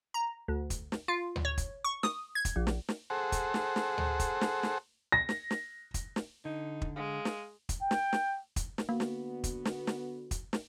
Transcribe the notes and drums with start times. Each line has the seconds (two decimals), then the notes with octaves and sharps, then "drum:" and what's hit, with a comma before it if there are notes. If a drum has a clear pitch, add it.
0.14 A#5
0.48 D2
0.70 drum: kick, hi-hat
0.92 drum: snare
1.08 F4
1.36 drum: tom D2
1.45 C#5
1.57 drum: kick, hi-hat
1.84 C#6
2.03 D#6, drum: snare
2.35 G#6
2.45 drum: kick, hi-hat
2.56 A#1
2.67 drum: snare
2.89 drum: snare
3.10 G#4 A4 C5 F#5
3.32 drum: kick, hi-hat
3.54 drum: snare
3.76 drum: snare
3.98 drum: tom D2
4.20 drum: kick, hi-hat
4.41 drum: snare
4.63 drum: snare
5.12 A#6
5.29 drum: snare
5.51 drum: snare
5.94 drum: kick, hi-hat
6.16 drum: snare
6.45 D3 D#4
6.82 drum: kick
6.96 G#3 F5
7.25 drum: snare
7.69 drum: kick, hi-hat
7.82 G5
7.91 drum: snare
8.13 drum: snare
8.56 drum: kick, hi-hat
8.78 drum: snare
8.89 D3 A#3 B3 F#4
9.00 drum: snare
9.44 drum: kick, hi-hat
9.65 drum: snare
9.87 drum: snare
10.31 drum: kick, hi-hat
10.53 drum: snare